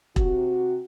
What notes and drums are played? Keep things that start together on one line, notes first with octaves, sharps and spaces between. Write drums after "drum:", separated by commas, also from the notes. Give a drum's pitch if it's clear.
C3 F#4, drum: kick E1